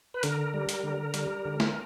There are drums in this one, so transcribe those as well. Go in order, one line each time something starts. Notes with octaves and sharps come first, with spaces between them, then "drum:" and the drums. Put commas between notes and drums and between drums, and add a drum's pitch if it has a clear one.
B4
D3 A#4, drum: hi-hat
G3
drum: hi-hat
D3
G3, drum: hi-hat
D3
drum: snare